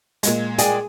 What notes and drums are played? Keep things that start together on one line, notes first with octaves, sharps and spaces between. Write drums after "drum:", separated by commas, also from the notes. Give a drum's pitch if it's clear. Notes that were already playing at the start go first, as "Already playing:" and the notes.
A#2 G#3, drum: hi-hat
G#4 D5 G5, drum: hi-hat